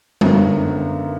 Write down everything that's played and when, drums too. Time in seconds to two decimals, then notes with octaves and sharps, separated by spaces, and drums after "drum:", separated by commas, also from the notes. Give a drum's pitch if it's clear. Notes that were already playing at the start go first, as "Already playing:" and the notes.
0.21 G#1 F#2 D3 F#3 B3, drum: tom G3